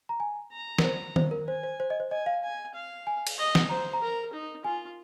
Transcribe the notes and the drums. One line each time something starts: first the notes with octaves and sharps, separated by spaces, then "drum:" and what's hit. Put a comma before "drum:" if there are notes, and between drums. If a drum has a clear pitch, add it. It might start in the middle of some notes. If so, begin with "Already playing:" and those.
A#5
G#5
A#5
A#4, drum: snare
C5
C5, drum: tom D#3
A#4
C5 G#5
C5
C5
D#5
C5
D#5 G#5
F5
G#5
F5
G#5
drum: cymbal
D#5
drum: snare
C5 A#5
A#5
A#4
D#4
F4 G#5